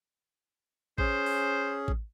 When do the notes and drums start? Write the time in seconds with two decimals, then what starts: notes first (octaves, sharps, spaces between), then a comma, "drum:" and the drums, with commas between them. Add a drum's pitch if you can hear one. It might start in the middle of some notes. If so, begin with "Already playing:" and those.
0.98 C#4 G#4 C5, drum: kick A1
1.26 drum: open hi-hat
1.88 drum: kick A1